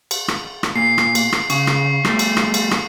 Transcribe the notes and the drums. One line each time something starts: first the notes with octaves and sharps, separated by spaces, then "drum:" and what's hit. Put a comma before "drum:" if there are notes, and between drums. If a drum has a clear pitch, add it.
drum: cymbal
drum: rim click
drum: rim click
A#2 C7
drum: rim click
drum: cymbal
drum: rim click
C#3 C#6, drum: cymbal
drum: rim click
G3 A3, drum: rim click
drum: cymbal
drum: rim click
drum: cymbal
drum: rim click